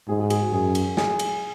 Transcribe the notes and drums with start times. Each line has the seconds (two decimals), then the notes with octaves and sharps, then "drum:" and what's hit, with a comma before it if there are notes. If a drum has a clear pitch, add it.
0.08 G#2 G#4
0.19 G#4
0.30 G#4, drum: cymbal
0.41 F#4
0.52 F#2 G#4
0.75 drum: cymbal
0.97 G#4, drum: snare
1.19 drum: cymbal